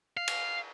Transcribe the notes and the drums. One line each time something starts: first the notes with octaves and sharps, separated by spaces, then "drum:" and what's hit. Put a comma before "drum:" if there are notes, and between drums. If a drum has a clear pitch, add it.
F5
drum: cymbal